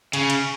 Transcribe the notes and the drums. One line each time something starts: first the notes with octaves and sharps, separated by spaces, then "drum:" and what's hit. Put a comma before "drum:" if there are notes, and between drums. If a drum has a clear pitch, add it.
C#3, drum: cymbal
drum: cymbal